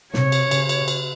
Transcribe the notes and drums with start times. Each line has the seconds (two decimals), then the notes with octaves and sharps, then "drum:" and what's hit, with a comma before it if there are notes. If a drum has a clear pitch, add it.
0.14 C3 C#5, drum: snare
0.32 drum: cymbal
0.51 C#3, drum: cymbal
0.69 drum: cymbal
0.88 drum: cymbal